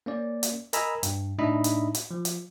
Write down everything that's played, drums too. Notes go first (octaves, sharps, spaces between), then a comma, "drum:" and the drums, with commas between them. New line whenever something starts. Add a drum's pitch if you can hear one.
A#3 C#4 D5
drum: hi-hat
A#4 D#5 G#5 A#5 B5 E6, drum: hi-hat
G2, drum: hi-hat
A2 D4 D#4 D#5 E5 B5
drum: hi-hat
drum: hi-hat
F3
drum: hi-hat